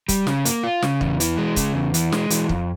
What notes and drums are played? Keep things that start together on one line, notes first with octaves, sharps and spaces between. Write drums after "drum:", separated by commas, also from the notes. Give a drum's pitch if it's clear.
G3, drum: kick, hi-hat
C#3, drum: snare
A#3, drum: hi-hat
F4
C#3, drum: snare
E2, drum: kick
E3, drum: hi-hat
G#3
C#3, drum: kick, hi-hat
E2
E3, drum: hi-hat
G#3, drum: snare
E3, drum: hi-hat
F2, drum: kick